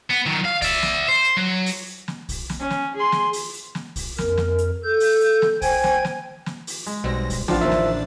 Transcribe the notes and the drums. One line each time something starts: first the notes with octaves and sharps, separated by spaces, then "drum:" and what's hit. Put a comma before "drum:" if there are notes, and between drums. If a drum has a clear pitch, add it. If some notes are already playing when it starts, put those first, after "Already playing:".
B3
D#3 F#3
F5
D5 E5, drum: kick, open hi-hat
drum: snare
C5
drum: hi-hat
F#3
drum: open hi-hat
drum: snare
drum: kick, open hi-hat
drum: snare
C#4
drum: snare
G#4 C6
drum: snare
drum: open hi-hat
drum: hi-hat
drum: snare
drum: kick, open hi-hat
F2 A#4, drum: snare
drum: snare
drum: hi-hat
A4 G6
drum: open hi-hat
drum: hi-hat
drum: snare
C5 G5 G#5 G#6, drum: kick, open hi-hat
drum: snare
drum: snare
drum: snare
drum: open hi-hat
G#3, drum: hi-hat
B1 B2 G3 C4 A#6
drum: kick, open hi-hat
A1 F3 B3 C4 D4 F4 G4 A6, drum: snare
D#2 E3 A#3 C5 E5
drum: snare